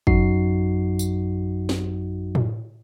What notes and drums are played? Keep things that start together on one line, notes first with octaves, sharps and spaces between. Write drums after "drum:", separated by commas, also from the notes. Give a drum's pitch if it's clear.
A1 F#2 F#3 D#4 F#4 C7, drum: kick
drum: tambourine
drum: snare
drum: tom A2